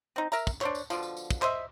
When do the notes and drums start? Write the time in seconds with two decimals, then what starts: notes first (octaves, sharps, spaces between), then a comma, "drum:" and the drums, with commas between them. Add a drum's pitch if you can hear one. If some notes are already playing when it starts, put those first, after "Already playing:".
0.16 C4 D#4
0.32 A#4 E5 A#5, drum: tambourine
0.47 drum: kick, tambourine
0.61 D4 C5 C#5, drum: clap
0.75 drum: tambourine
0.90 B2 D3 F3, drum: tambourine
1.03 drum: tambourine
1.17 drum: tambourine
1.30 drum: kick, tambourine
1.42 C5 D#5 E5, drum: clap